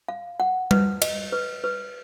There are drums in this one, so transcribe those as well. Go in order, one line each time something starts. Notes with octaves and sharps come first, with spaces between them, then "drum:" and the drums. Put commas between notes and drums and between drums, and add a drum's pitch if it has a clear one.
F5
F#5
B4, drum: tom G3
D#5, drum: cymbal
B4
B4